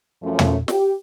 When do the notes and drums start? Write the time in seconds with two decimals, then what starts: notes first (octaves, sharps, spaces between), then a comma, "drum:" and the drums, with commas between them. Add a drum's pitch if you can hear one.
0.23 F#2 F3 A3 C#4
0.39 drum: tom
0.68 G4, drum: snare